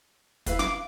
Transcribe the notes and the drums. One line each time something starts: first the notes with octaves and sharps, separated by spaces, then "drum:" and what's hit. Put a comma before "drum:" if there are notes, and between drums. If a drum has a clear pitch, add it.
E4 B4 F5, drum: kick, hi-hat
F5 D6, drum: snare